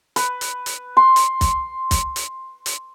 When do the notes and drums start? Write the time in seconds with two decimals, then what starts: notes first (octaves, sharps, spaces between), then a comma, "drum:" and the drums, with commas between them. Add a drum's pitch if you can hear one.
0.16 B4, drum: hi-hat
0.41 drum: hi-hat
0.66 drum: hi-hat
0.97 C6
1.16 drum: hi-hat
1.41 drum: kick, hi-hat
1.91 drum: kick, hi-hat
2.16 drum: hi-hat
2.66 drum: hi-hat